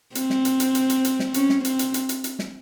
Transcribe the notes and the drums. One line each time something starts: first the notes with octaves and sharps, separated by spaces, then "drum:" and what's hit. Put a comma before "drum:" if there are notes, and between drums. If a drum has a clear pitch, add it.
C4, drum: hi-hat
drum: snare
drum: hi-hat
drum: hi-hat
drum: hi-hat
drum: hi-hat
drum: hi-hat
drum: snare
C#4, drum: hi-hat
drum: snare
C4, drum: hi-hat
drum: hi-hat
drum: hi-hat
drum: hi-hat
drum: hi-hat
drum: snare